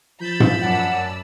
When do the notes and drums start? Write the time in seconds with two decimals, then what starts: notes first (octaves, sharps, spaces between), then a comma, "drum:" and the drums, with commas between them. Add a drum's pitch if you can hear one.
0.21 F3 B5 E6 G6 A6
0.40 drum: tom G#2
0.62 F#2 D5 F#5 A5